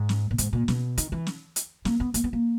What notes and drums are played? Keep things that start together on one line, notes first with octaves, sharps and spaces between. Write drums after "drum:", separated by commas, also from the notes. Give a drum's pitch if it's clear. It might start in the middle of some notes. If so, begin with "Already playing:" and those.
Already playing: G#2
drum: snare
A#2
G#2, drum: hi-hat
A#2
B2, drum: snare
D#3, drum: hi-hat
E3
drum: snare
drum: hi-hat
A#3, drum: snare
B3
A#3, drum: hi-hat
B3
A#3